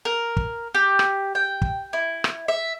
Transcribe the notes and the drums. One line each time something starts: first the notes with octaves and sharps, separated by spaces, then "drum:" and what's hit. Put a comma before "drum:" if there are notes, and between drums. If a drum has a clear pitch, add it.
A#4
drum: kick
G4
drum: rim click
G5
drum: kick
E4
drum: rim click
E5